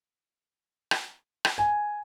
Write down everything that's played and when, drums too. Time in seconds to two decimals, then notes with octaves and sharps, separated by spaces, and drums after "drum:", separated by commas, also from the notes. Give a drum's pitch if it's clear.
0.91 drum: rim click
1.45 drum: rim click
1.58 G#5